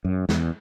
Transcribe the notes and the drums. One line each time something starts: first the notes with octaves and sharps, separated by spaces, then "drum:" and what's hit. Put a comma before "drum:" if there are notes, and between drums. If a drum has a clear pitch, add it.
F#2
E2, drum: snare